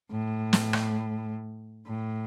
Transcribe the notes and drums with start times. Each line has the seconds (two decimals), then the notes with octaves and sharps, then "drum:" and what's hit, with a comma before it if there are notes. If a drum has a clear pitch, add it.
0.11 A2
0.53 drum: snare
0.73 drum: rim click
1.88 A2